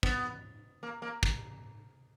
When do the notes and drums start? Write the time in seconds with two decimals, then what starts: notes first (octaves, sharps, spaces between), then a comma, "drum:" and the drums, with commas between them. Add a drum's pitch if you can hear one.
0.03 B3, drum: kick
0.83 A#3
1.02 A#3
1.23 drum: kick